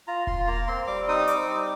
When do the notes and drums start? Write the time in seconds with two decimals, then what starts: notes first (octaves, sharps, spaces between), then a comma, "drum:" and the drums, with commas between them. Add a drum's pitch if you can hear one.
0.07 F4 A#5
0.27 F4 C6, drum: kick E1
0.47 A#3 A#5
0.67 C4 C6
0.87 G3 D6
1.08 D#4 D#6
1.28 C4 D6, drum: hi-hat
1.48 G3